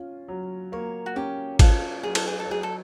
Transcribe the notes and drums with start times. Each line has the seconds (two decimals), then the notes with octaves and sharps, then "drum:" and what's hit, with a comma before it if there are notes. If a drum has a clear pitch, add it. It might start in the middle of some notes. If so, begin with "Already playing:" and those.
Already playing: C#4 F4
0.28 F#3
0.72 A#3 C#5
1.06 F#4
1.16 C#4 G4
1.59 F4 A4, drum: kick G#1, cymbal
2.03 F#3 G#4
2.15 A4, drum: cymbal
2.27 G#4
2.40 A4
2.47 F#3 G#4
2.63 A4